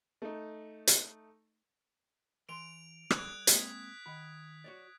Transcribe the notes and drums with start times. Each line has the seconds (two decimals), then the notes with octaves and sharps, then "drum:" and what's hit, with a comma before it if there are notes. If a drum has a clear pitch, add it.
0.22 A3 D#4
0.87 drum: hi-hat
2.49 E3 B4 C6 D7 F7
3.10 G3 A4 D5 D#6 F#6 G#6, drum: rim click
3.47 G#3 A#3 C4 B6, drum: hi-hat
4.06 D#3 F#5 B5
4.64 F#4 C#5 D5